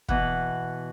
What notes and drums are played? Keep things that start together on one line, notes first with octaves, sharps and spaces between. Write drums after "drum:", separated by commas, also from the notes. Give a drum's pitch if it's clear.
B2 E3 F#5, drum: kick